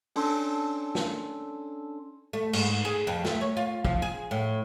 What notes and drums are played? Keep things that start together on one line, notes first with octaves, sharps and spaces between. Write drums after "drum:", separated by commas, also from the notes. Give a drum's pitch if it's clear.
C#4 D4 A4 C6, drum: open hi-hat
drum: snare
A3
G#2, drum: cymbal
G#4
F2
A3, drum: snare
C#5
F4
F3, drum: kick
G#4
A2